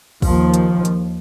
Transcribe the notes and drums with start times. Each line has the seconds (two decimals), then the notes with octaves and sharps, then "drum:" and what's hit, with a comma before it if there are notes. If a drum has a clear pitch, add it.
0.22 D#2 F3, drum: kick, open hi-hat
0.54 drum: hi-hat
0.85 drum: hi-hat